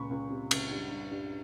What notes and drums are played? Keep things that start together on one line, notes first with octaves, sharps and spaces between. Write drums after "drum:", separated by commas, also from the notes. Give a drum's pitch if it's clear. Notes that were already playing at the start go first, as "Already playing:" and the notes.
Already playing: C#2 A#2 B5 C#6
C#2
C3
C#2, drum: cymbal
G2
G2
G2